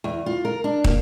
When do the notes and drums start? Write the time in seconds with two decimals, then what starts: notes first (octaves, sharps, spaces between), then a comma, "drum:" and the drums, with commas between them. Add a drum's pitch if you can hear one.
0.04 E2
0.26 F4
0.45 A#4
0.64 D4
0.84 A#3, drum: kick